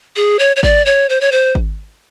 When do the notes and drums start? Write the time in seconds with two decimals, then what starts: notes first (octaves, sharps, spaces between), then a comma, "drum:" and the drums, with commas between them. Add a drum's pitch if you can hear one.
0.16 G#4
0.39 C#5
0.56 C#5
0.63 D5, drum: kick G#1
0.86 C#5
1.09 C5
1.21 C#5
1.32 C5
1.55 drum: kick G#1